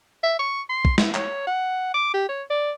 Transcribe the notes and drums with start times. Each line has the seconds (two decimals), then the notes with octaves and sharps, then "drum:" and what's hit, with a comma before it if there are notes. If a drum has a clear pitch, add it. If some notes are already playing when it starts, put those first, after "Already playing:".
0.23 E5
0.39 C#6
0.69 C6
0.85 drum: kick
0.98 E4, drum: snare
1.15 C#5, drum: clap
1.47 F#5
1.94 D6
2.14 G4
2.29 C#5
2.50 D5